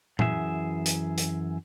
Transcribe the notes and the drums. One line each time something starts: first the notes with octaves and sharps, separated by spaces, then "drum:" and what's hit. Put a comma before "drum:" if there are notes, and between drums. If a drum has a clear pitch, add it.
F#2 E3 G#4 E5, drum: tom A#2
drum: hi-hat
drum: hi-hat